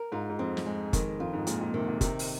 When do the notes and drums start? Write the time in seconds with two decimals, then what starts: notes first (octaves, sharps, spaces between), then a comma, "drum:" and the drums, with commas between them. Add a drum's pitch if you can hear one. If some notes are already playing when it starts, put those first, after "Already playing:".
Already playing: A#4
0.12 G#2 F4
0.29 G#2
0.39 F2 C4
0.57 drum: snare
0.66 G#3
0.93 F2 D#3, drum: kick F#1, hi-hat
1.20 F2 F4
1.33 G#2
1.47 A#2 G#3, drum: hi-hat
1.61 A#2
1.74 C3 D#3
1.88 A#2
2.01 C3 D#3, drum: kick F#1, hi-hat
2.19 drum: open hi-hat